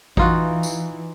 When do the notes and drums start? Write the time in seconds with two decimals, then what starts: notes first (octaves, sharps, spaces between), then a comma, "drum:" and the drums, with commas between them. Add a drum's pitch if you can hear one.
0.17 E3 D#4 F4 F#4, drum: kick A1
0.63 drum: tambourine